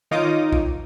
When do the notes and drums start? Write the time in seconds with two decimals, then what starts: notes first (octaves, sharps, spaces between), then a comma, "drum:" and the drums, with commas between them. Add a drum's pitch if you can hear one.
0.11 D#3 D#4 F4 C#5 D6 D#6
0.52 drum: kick A#1